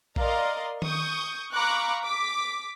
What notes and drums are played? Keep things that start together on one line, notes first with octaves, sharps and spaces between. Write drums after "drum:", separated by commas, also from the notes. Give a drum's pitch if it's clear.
A#4 D5 D#5 F5 A#5 C6, drum: kick A#1
C#6 D#6 G6, drum: tom D#3
F5 A#5 B5 C#6 D6 F#6
D6 B6